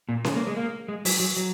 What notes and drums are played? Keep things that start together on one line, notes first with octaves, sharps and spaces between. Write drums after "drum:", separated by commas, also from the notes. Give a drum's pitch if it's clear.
A#2
C#3, drum: snare C#4
A#3
G#3
A#3
G#3
F#3, drum: open hi-hat
F#3
F#3